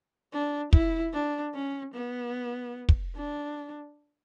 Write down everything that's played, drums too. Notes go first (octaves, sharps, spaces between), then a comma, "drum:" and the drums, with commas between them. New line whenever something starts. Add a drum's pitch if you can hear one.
D4
E4, drum: kick
D4
C#4
B3
drum: kick
D4